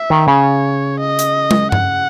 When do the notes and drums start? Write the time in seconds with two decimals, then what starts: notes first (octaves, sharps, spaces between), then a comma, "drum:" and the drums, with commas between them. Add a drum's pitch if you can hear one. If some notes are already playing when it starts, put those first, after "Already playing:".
Already playing: E5
0.10 D#3
0.28 C#3 C#5
1.00 D#5
1.19 drum: hi-hat
1.51 drum: tom
1.72 F#5, drum: tom G2